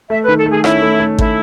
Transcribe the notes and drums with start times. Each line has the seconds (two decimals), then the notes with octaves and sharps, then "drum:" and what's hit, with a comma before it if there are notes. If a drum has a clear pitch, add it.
0.10 A3 E5
0.24 D#3 B4
0.37 A4
0.46 A3
0.51 G#4
0.64 C#4 E4, drum: rim click
0.82 A3
1.00 A3
1.19 A3 E4, drum: kick G#1